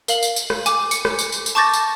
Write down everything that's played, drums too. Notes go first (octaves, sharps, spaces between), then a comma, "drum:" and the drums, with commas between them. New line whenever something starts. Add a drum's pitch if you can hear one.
A#4 F5 F#7, drum: tambourine
drum: tambourine
drum: tambourine
drum: rim click
G#5 D6, drum: tambourine
C#7, drum: tambourine
drum: rim click
drum: tambourine
drum: tambourine
drum: tambourine
A5 C#6 D6 G6 A6 A#6
drum: tambourine